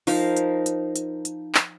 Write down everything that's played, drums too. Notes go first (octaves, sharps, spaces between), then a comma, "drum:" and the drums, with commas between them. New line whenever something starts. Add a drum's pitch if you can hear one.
F3 D#4 A#4 F5, drum: open hi-hat
drum: hi-hat
drum: hi-hat
drum: hi-hat
drum: hi-hat
drum: clap